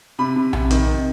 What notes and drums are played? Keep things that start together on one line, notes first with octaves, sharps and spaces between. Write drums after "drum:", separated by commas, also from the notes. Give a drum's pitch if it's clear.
C3 B5
C3
C3, drum: tom A#1
D#3, drum: hi-hat
C3